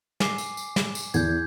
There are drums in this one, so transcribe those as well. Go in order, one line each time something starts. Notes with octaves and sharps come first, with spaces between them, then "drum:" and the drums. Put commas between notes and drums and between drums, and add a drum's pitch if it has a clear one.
G#5 D6 C7, drum: snare
drum: tambourine
drum: tambourine
drum: snare
drum: tambourine
E2 G6 G#6, drum: tambourine